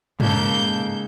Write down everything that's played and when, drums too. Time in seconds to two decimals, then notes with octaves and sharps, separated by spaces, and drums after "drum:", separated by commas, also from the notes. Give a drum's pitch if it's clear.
0.20 G#2 C#3 A#3 A4 G6, drum: tom